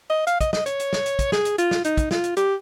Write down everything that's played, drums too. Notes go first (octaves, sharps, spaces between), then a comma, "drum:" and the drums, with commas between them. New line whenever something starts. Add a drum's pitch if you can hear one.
D#5
F5, drum: hi-hat
D#5, drum: kick, hi-hat
D#5, drum: snare
C#5, drum: hi-hat
drum: hi-hat
drum: snare
drum: hi-hat
drum: kick, hi-hat
G#4, drum: snare
drum: hi-hat
F4, drum: hi-hat
drum: snare
D#4, drum: hi-hat
drum: kick, hi-hat
F4, drum: snare
drum: hi-hat
G4, drum: hi-hat